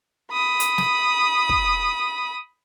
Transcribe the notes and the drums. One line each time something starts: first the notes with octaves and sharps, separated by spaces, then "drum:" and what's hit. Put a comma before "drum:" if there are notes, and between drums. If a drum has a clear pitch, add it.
B5 D#6
drum: hi-hat
drum: snare
drum: kick